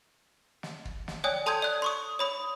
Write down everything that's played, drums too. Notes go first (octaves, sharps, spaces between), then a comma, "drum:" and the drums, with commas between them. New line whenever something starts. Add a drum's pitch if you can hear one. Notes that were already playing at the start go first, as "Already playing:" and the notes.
drum: snare
drum: kick
drum: snare
C#5 D5 G5 G#5 D#6 F#6
A4 A5 C6 D#6 G6 G#6
D5 F#6
C6 C#6 D#6
C#5 B5 D#6